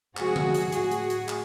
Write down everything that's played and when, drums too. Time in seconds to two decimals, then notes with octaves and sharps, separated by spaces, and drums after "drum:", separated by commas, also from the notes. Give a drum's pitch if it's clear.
0.17 C3 F3 G#3 F#4 G#4, drum: clap
0.36 drum: tom D3
0.54 drum: hi-hat
0.72 A2 F#3 F#4 G#4, drum: hi-hat
0.91 drum: hi-hat
1.10 drum: hi-hat
1.29 drum: clap